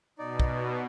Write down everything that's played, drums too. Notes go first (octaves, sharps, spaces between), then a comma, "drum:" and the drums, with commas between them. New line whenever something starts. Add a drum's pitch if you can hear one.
B2 D#4 D5
drum: kick